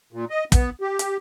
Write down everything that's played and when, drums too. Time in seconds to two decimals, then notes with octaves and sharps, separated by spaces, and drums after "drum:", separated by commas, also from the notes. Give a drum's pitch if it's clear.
0.13 A#2
0.30 D#5
0.52 B3, drum: kick, hi-hat
0.81 G4
0.99 drum: hi-hat